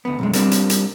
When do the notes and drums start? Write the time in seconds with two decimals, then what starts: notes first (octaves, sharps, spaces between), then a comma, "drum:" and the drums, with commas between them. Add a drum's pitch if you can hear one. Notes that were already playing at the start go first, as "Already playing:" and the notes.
0.05 D2 B3
0.19 B1 F#2 G#3
0.33 G3 A#3 C4 D4, drum: hi-hat
0.51 drum: hi-hat
0.70 drum: hi-hat